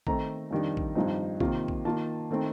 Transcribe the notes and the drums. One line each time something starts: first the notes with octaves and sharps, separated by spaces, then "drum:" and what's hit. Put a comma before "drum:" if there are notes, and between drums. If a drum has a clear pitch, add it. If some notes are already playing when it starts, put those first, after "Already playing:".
D#3 A3 C4 D#4 A#5, drum: kick
F2 D#3 G3 D4
drum: kick
G2 F3 C4 D#4
C3 D#3 A#3 F4, drum: kick
drum: kick
D#3 A#3 F4 A5
D#3 A3 C4 D#4